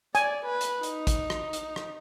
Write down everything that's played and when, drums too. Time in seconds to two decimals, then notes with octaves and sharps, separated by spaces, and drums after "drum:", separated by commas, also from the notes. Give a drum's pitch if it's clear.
0.15 D5 G#5, drum: hi-hat
0.46 B4
0.61 drum: hi-hat
0.83 D#4, drum: hi-hat
1.07 drum: kick, hi-hat
1.30 drum: rim click
1.53 drum: hi-hat
1.76 drum: rim click